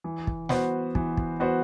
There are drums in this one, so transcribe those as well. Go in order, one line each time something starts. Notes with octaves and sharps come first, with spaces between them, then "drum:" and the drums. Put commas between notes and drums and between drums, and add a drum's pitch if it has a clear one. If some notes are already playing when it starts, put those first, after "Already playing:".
E3
drum: kick
B3 F#4 C5, drum: snare
E3, drum: kick
drum: kick
B3 F#4 C5